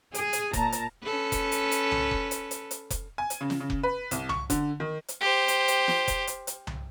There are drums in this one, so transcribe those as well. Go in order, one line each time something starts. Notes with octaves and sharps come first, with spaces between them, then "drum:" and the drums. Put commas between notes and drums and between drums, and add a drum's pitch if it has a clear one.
G#4, drum: hi-hat
drum: hi-hat
A#2 A5 A#5, drum: kick F1, hi-hat
drum: hi-hat
C#4 A4 B4
drum: kick F1, hi-hat
drum: hi-hat
drum: hi-hat
drum: tom C2
drum: kick F1
drum: hi-hat
drum: hi-hat
drum: hi-hat
drum: kick F1, hi-hat
G#5
drum: hi-hat
C#3
drum: snare
C#3
drum: kick F1
B4
C2, drum: hi-hat
C#6, drum: tom C2
D3, drum: kick F1, hi-hat
D#3
drum: hi-hat
G4 C5
drum: hi-hat
drum: hi-hat
drum: snare
drum: kick F1, hi-hat
drum: hi-hat
drum: hi-hat
drum: tom C2